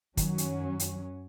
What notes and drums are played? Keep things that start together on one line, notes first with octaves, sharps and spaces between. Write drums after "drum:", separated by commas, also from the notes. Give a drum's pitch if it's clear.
F#2 D#3 F#3 C#4, drum: kick, hi-hat
drum: hi-hat
drum: hi-hat